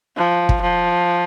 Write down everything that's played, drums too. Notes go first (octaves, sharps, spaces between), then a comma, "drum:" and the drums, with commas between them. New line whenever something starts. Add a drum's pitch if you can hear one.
F3
drum: kick
F3